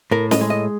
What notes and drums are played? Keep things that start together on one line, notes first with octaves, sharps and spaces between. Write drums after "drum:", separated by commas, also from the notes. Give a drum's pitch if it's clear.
A2 A#4
D#5, drum: snare
G#3
D#5